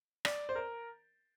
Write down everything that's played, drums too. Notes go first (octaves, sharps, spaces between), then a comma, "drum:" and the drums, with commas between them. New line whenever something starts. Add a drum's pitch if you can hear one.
D5, drum: rim click
C5
A#4